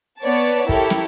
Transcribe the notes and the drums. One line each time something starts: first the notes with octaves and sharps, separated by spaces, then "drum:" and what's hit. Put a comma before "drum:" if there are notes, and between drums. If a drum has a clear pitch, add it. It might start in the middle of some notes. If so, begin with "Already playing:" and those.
B3 C#5 D5 A5
E4 G4 A4 A#4 C#5, drum: kick
drum: snare